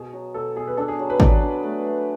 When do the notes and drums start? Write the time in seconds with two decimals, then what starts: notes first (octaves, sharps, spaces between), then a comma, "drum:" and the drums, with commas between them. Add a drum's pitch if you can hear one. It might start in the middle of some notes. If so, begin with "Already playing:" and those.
Already playing: B2 G#4
0.13 F#3
0.34 B2 A4
0.56 B2 G#4
0.67 B4
0.77 D4 A4
0.88 G#4
0.99 F#3
1.10 B4
1.20 F#3 D5, drum: kick G#1
1.42 D4
1.63 A3
1.84 A3